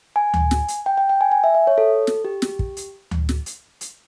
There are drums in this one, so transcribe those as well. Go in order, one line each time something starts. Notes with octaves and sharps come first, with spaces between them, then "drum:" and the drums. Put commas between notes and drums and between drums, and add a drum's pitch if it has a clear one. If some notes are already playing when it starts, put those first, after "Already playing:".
G#5
drum: tom D2
drum: snare
drum: hi-hat
G5
G5
G5
G#5
G#5
E5
E5
C#5
A4
drum: snare
G4
drum: snare
drum: kick
drum: hi-hat
drum: tom D2
drum: snare
drum: hi-hat
drum: hi-hat